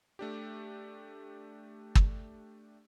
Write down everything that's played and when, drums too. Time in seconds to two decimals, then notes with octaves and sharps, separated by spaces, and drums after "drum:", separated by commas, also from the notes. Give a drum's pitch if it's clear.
0.19 A3 D4 G4
1.95 drum: kick